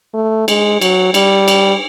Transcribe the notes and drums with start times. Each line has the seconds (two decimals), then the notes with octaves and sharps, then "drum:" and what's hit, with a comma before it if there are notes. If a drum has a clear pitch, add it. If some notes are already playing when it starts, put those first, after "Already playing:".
0.14 A3
0.48 G#3, drum: cymbal
0.81 F#3, drum: cymbal
1.14 G3, drum: cymbal
1.48 drum: cymbal